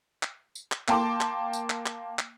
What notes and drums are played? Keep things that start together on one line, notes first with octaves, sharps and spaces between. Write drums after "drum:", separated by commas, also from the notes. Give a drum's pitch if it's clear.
drum: clap
drum: tambourine
drum: clap
A#3 G5 A5 C6 D6, drum: clap
drum: clap
drum: tambourine
drum: clap
drum: clap
drum: clap